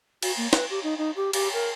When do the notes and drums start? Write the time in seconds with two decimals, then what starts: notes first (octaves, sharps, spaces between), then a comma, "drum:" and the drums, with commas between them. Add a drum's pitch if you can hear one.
0.22 F#4, drum: cymbal
0.37 A#3
0.53 B4, drum: snare
0.70 G4
0.83 D#4
0.98 D#4
1.16 G4
1.33 G4, drum: cymbal
1.53 A#4